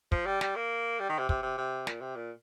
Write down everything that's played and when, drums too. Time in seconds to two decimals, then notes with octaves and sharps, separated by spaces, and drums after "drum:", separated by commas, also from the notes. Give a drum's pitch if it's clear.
0.12 F3, drum: kick
0.26 G3
0.41 G3, drum: snare
0.56 A#3
1.00 G3
1.09 D#3
1.19 C3
1.29 C3, drum: kick
1.43 C3
1.58 C3
1.87 A#2, drum: snare
2.01 C3
2.16 A#2